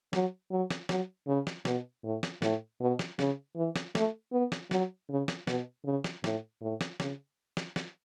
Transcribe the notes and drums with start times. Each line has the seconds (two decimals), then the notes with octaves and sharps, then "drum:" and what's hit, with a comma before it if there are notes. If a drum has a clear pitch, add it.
0.13 F#3, drum: snare
0.51 F#3
0.70 drum: snare
0.89 F#3, drum: snare
1.27 C#3
1.47 drum: snare
1.65 B2, drum: snare
2.04 A2
2.23 drum: snare
2.42 A2, drum: snare
2.81 B2
2.99 drum: snare
3.19 C#3, drum: snare
3.56 E3
3.76 drum: snare
3.95 A3, drum: snare
4.32 B3
4.52 drum: snare
4.71 F#3, drum: snare
5.10 C#3
5.28 drum: snare
5.47 B2, drum: snare
5.85 C#3
6.04 drum: snare
6.24 A2, drum: snare
6.61 A2
6.81 drum: snare
7.00 C#3, drum: snare
7.57 drum: snare
7.76 drum: snare